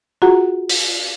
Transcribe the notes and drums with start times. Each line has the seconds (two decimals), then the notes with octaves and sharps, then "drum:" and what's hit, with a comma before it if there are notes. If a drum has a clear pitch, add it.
0.22 F4 F#4 G#4 F#5 A#5
0.69 drum: open hi-hat